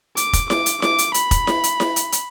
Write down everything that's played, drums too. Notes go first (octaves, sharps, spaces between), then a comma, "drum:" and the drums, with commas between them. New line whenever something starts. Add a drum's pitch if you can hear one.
D6, drum: hi-hat
drum: kick F1, hi-hat
D6, drum: snare E4
drum: hi-hat
D6, drum: snare E4
drum: hi-hat
B5, drum: hi-hat
drum: kick F1, hi-hat
drum: snare E4
drum: hi-hat
drum: snare E4
drum: hi-hat
drum: hi-hat